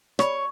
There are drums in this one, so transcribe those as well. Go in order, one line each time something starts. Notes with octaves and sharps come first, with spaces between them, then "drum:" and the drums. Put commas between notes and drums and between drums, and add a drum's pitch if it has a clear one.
C#5, drum: rim click